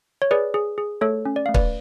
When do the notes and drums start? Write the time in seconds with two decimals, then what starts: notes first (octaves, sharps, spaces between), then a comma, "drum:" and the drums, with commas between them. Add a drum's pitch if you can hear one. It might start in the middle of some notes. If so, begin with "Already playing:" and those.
0.22 C#5
0.31 G#4 B4 D5
0.54 G#4
0.78 G#4
1.01 A3 A4 C#5
1.25 C#4
1.36 D5
1.46 A3 F5
1.54 B4 D5, drum: kick